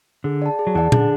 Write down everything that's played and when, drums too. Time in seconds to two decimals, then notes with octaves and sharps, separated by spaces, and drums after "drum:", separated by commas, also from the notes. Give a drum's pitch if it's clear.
0.24 D3 G#4
0.42 D5 F#5 A5
0.59 G#4
0.67 F#3
0.75 E2 E3 D5 F#5 A5
0.92 D3 D4 G#4, drum: tom A#2